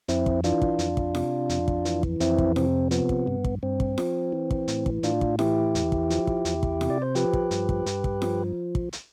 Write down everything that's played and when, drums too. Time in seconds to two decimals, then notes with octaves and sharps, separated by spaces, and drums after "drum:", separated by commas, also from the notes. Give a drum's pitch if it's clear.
0.08 F2 C4 E4, drum: hi-hat
0.26 drum: kick
0.44 E3 D4 F4, drum: hi-hat
0.62 drum: kick
0.79 F2, drum: hi-hat
0.97 drum: kick
1.15 C3, drum: snare F4
1.49 F2, drum: hi-hat
1.68 drum: kick
1.85 E3, drum: hi-hat
2.03 drum: kick
2.20 F2 C4 E4, drum: hi-hat
2.38 drum: kick
2.56 C3 C4, drum: snare F4
2.91 F3 B3, drum: hi-hat
3.09 drum: kick
3.27 G2
3.44 drum: kick
3.63 G2 C4
3.80 drum: kick
3.98 F3, drum: snare F4
4.32 E3
4.51 drum: kick
4.68 A2, drum: hi-hat
4.86 drum: kick
5.03 A2 D4 F4, drum: hi-hat
5.21 drum: kick
5.39 E3 E4 G4, drum: snare F4
5.75 E2, drum: hi-hat
5.92 drum: kick
6.10 F3, drum: hi-hat
6.27 drum: kick
6.45 E2, drum: hi-hat
6.63 drum: kick
6.81 C3, drum: snare F4
6.90 D5
7.02 C5
7.15 F3 G4 B4, drum: hi-hat
7.33 drum: kick
7.51 G2, drum: hi-hat
7.69 drum: kick
7.86 G2, drum: hi-hat
8.04 drum: kick
8.22 F3, drum: snare F4
8.75 drum: kick
8.93 drum: hi-hat